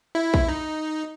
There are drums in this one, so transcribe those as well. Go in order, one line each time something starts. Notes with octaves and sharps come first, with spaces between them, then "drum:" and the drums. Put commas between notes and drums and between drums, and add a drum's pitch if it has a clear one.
E4
drum: kick
D#4